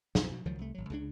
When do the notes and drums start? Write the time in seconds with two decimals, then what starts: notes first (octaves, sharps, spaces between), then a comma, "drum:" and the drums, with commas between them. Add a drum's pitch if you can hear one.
0.15 B1 F2 A2, drum: snare
0.32 B2
0.45 C#2 D#3 F3 F#3
0.59 C2 A3
0.75 G#1 F#3
0.90 C#2 C#3 D4